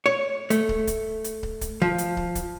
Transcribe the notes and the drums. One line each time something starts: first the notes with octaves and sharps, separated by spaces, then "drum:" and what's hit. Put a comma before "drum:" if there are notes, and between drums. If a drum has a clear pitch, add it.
C#5
A3, drum: hi-hat
drum: kick
drum: kick, hi-hat
drum: hi-hat
drum: kick
drum: kick, hi-hat
F3
drum: hi-hat
drum: kick
drum: kick, hi-hat